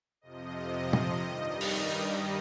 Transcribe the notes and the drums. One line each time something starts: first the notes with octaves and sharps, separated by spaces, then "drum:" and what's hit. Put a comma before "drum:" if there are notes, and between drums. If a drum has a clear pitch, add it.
F2 C3 F3 D#5
drum: tom
G2 D#3 G3
drum: open hi-hat